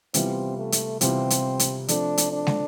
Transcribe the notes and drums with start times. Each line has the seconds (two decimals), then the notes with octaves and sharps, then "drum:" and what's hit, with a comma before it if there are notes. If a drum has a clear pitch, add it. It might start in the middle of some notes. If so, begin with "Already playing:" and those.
0.14 C3 E3 G3 B3 C4 F4, drum: hi-hat
0.58 A3
0.72 drum: hi-hat
1.01 C3 E3 G3 B3 C4 F4, drum: hi-hat
1.30 drum: hi-hat
1.59 drum: hi-hat
1.88 F3 A3 C4 D4, drum: hi-hat
2.18 drum: hi-hat
2.32 D4
2.47 drum: snare